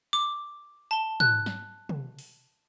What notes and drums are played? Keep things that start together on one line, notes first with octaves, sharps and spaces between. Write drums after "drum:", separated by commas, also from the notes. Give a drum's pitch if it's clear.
D6
A5 G7
F#6, drum: tom
drum: snare
drum: tom
drum: open hi-hat